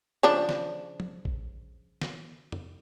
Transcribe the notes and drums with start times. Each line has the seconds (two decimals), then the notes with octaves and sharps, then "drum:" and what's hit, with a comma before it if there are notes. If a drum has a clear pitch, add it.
0.23 C#3 F3 D4
0.49 drum: snare
1.00 drum: tom
1.25 drum: kick A1
2.02 drum: snare
2.52 drum: tom F2